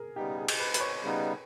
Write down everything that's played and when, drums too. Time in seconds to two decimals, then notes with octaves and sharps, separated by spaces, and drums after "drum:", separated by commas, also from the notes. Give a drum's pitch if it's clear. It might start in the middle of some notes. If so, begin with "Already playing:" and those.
Already playing: G#4 A#4
0.16 C#3 G3 B3 D#4 G4
0.38 G#4
0.48 drum: cymbal
0.60 B4
0.74 B4, drum: hi-hat
0.80 C#5
1.03 C#3 G3 B3 D#4